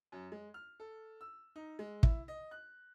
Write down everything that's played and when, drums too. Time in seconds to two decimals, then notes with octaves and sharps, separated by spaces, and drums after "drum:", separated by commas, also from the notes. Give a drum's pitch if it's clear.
0.12 F#2
0.32 G#3
0.54 F6
0.80 A4
1.21 E6
1.56 D#4
1.79 G#3
2.03 E4, drum: kick
2.28 D#5
2.51 F#6